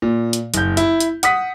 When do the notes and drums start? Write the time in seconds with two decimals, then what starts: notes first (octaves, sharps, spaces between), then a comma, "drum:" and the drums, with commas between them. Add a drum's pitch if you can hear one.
0.02 A#2
0.33 drum: hi-hat
0.54 F#1 G6, drum: hi-hat
0.77 E4, drum: hi-hat
1.00 drum: hi-hat
1.23 F#5 D#6 B6, drum: hi-hat